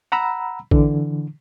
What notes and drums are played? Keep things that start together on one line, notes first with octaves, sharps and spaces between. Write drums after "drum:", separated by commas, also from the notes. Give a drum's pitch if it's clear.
F#5 A#5 B5 E6
D3 E3, drum: kick